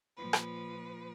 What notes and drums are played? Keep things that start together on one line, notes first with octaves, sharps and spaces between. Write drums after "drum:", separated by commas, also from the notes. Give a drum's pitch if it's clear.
A#2 F3 B4
drum: rim click